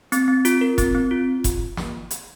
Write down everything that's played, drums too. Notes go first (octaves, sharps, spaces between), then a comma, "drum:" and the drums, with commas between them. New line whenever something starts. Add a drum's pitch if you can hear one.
C4, drum: hi-hat
C4
F4, drum: hi-hat
A#4
C4, drum: kick F1, hi-hat
C4
F4
drum: kick F1, hi-hat
drum: snare
drum: hi-hat